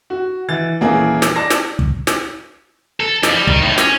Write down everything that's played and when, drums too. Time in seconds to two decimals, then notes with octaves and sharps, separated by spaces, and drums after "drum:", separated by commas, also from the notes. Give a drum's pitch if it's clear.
0.10 F#4
0.48 E3 A6
0.80 D#1 E3 A#3 C#4 G#4
1.22 drum: snare
1.36 D5 A5 A#6
1.50 drum: snare
1.79 drum: kick
2.07 drum: snare
3.00 A4
3.23 F2, drum: snare
3.35 G3
3.47 D#3, drum: kick
3.62 A2 D#4
3.78 C#4, drum: snare